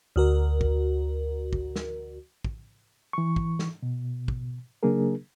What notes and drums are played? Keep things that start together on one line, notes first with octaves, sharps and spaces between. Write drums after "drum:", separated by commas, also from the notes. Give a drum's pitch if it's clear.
D2 F#4 A#4
drum: kick
drum: kick
drum: snare
drum: kick
E3 C#6
drum: kick
drum: snare
B2
drum: kick
C#3 F#3 A#3 D4 G#4 A#4